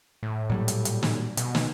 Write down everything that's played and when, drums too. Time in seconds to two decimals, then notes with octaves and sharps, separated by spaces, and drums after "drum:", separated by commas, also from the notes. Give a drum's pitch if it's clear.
0.23 A2
0.50 A#2 F#3 G3
0.68 drum: hi-hat
0.85 drum: hi-hat
1.03 drum: snare
1.37 B2, drum: hi-hat
1.55 drum: snare